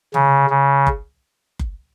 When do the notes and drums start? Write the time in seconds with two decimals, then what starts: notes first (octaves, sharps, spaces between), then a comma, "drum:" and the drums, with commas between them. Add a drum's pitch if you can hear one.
0.14 C#3, drum: tom C3
0.50 C#3
0.87 drum: kick F#1
1.59 drum: kick F#1